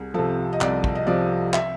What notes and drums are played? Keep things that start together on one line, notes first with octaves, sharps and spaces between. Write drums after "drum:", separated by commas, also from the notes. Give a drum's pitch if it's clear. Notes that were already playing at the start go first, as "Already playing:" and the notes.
Already playing: C2 G#4
C3 F3 A4
D#5
C2 D5, drum: clap
drum: kick
D#5
C3 F3 D5
E5, drum: clap